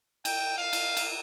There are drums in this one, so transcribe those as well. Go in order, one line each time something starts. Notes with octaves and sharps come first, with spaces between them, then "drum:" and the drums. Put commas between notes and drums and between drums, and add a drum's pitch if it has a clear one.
G5, drum: cymbal
F5
drum: cymbal
drum: cymbal